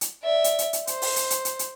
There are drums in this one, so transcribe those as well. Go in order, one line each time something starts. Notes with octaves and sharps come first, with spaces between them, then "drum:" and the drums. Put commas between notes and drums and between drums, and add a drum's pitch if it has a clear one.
drum: hi-hat
D5 E5
drum: hi-hat
drum: hi-hat
drum: hi-hat
C5, drum: hi-hat
drum: open hi-hat
drum: hi-hat
drum: hi-hat
drum: hi-hat
drum: hi-hat